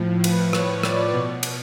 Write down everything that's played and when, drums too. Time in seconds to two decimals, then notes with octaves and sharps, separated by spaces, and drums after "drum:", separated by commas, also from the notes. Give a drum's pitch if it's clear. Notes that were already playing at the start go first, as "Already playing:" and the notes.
Already playing: A2 F3
0.24 B4, drum: cymbal
0.53 C#5, drum: rim click
0.83 D5, drum: rim click
1.13 B2
1.43 drum: cymbal